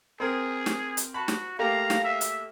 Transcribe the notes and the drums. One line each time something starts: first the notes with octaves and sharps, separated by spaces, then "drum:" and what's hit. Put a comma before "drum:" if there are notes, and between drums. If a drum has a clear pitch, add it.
C4 G#4 A#4
drum: snare
drum: hi-hat
F#4 A5 B5
drum: snare
A3 A#3 G4 F5 A#5
drum: snare
E5
drum: hi-hat